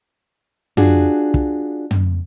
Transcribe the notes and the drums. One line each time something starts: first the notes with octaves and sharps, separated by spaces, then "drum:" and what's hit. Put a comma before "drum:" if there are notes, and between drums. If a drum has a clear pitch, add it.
D4 F4 F#4 G#4, drum: tom
drum: kick
drum: tom